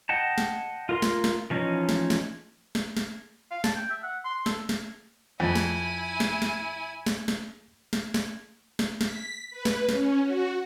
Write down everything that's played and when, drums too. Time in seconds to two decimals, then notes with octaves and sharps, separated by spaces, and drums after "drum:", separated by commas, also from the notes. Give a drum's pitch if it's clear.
0.09 D#5 F#5 G5 A5
0.38 drum: snare
0.89 F4 A#4 C6
1.02 drum: snare
1.24 drum: snare
1.50 E3 F3 C#4 D#4
1.89 drum: snare
2.10 drum: snare
2.75 drum: snare
2.97 drum: snare
3.51 F5
3.64 A5, drum: snare
3.76 G5
3.90 E5
4.03 F#5
4.25 C6
4.46 A4, drum: snare
4.69 drum: snare
5.40 F2 E4 G#5
5.55 drum: snare
6.20 drum: snare
6.42 drum: snare
7.06 drum: snare
7.28 drum: snare
7.93 drum: snare
8.14 drum: snare
8.79 drum: snare
9.01 B6, drum: snare
9.50 B4
9.65 drum: snare
9.89 C#4, drum: snare
10.22 F#4